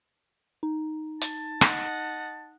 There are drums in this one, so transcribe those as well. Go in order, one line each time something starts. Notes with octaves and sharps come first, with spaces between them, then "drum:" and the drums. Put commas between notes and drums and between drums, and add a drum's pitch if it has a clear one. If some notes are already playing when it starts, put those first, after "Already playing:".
D#4
A5, drum: hi-hat
D#5 F#5, drum: rim click